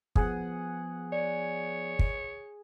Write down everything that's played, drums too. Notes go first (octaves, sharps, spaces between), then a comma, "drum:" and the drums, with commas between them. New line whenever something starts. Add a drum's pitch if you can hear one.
F3 B3 G#4 F#5, drum: kick
C#5 D5
drum: kick